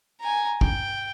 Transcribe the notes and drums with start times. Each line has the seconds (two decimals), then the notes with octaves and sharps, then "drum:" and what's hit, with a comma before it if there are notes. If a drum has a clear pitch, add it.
0.20 G#5 A#5
0.61 G5, drum: kick